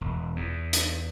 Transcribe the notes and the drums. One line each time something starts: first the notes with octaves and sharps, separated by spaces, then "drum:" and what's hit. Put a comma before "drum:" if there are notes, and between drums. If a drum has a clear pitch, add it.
E1
E2
drum: hi-hat